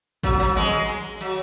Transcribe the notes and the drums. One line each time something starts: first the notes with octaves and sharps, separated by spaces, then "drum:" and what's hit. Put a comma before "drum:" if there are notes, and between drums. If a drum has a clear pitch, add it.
F#3, drum: kick G#1, cymbal
F#3
G#3, drum: tom D#3
drum: cymbal
F#3, drum: cymbal